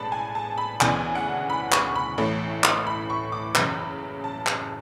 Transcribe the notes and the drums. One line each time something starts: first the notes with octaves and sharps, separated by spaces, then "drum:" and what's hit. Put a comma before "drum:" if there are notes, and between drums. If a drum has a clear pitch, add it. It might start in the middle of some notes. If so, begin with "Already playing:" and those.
Already playing: A1 A2 G#3 B3 D4 A5 B5
G#5
A5
B5
D2 C#3 E3 B3 D4 G#5, drum: clap
F#5
B5
C#6, drum: clap
B5
A1 A2 E3 A3 C#4
drum: clap
B5
C#6
D6
F#1 E2 C#3 F#3 B5, drum: clap
A5
drum: clap